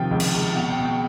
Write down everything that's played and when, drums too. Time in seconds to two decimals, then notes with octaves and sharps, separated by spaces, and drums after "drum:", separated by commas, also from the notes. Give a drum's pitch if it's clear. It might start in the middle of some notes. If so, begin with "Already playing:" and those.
Already playing: C3 D#3 F3 G5
0.11 C#2
0.20 drum: cymbal
0.34 C#2
0.55 B2 F#5
0.70 G5
0.78 B2
0.85 G5